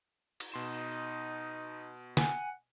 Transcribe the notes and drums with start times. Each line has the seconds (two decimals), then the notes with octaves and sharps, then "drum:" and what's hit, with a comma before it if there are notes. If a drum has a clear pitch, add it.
0.40 drum: cymbal
0.52 B2 D#4 C6 E7
2.17 F#5 G#5, drum: snare